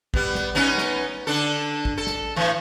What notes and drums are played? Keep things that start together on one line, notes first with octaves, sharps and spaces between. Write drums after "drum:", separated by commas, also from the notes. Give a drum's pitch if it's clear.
G3 B3, drum: kick
drum: snare
B3 C#4 D#4
drum: snare
D3 D4 A4
drum: kick
A4
drum: snare
A2 E3